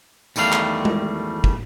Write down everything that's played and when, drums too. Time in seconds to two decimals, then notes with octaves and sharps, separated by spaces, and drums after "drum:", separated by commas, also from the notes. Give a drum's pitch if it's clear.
0.36 E2 D#3 G3 A3 F5, drum: tambourine
0.52 drum: clap
0.85 drum: tom G#3
1.44 drum: kick